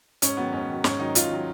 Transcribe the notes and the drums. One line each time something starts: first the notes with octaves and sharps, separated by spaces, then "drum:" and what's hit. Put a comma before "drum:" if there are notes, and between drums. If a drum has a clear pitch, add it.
G#2 C#4, drum: hi-hat
D#3 F#3 B3
G#2 C#4
D#3 F#3
G#2 C#4, drum: snare
D#3 F#3 D#4
G#2 F4, drum: hi-hat
D#3 F#3